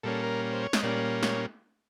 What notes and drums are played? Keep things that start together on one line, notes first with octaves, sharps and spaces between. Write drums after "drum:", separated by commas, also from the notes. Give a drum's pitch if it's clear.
A#2 G3 A#3 C#4 A4
A#4
C5
C#5
D#5, drum: snare
A#2 G3 A#3 C#4 D5
C#5, drum: snare